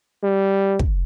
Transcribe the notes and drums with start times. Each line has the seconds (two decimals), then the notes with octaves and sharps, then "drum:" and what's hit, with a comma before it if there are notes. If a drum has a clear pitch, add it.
0.23 G3
0.79 drum: kick